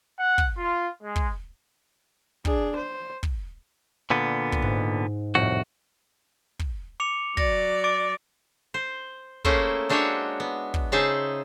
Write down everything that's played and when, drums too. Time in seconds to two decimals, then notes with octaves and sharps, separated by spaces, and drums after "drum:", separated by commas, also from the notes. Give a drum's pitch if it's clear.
0.19 F#5
0.38 drum: kick
0.57 F4
1.03 G#3
1.16 drum: kick
2.45 D4 G#4, drum: kick
2.76 C5
3.23 drum: kick
4.10 A#2 D3 B3
4.52 drum: kick
4.62 G#2
5.35 C2 F2 A2 F#4
6.59 drum: kick
7.00 D6 C#7 F7
7.37 F#3 D5 A#6, drum: kick
7.84 D6 A6 D7
8.74 C5
9.45 A3 A#3 C#4 E4 G#4 C5, drum: kick
9.89 G#3 D4 F#4 C5 C#5 E5
10.40 B3
10.74 drum: kick
10.92 C#3 D#4 G#4 C5 E5 A5